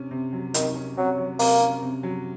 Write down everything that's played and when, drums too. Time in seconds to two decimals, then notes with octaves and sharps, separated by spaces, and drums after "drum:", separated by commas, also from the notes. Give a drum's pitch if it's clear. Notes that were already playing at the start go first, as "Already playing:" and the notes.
Already playing: C3 C#4
0.11 C3
0.33 F#3
0.54 C3 D#3, drum: hi-hat
0.75 C#4
0.97 C3 F#3
1.18 F#3
1.39 C3 A#3, drum: open hi-hat
1.61 C#4
1.82 C3
2.03 F#3